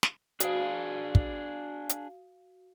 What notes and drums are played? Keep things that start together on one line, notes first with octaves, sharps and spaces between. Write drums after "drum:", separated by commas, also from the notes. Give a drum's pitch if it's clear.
drum: snare
D4 F#4 G#4 F5, drum: hi-hat
drum: kick
drum: hi-hat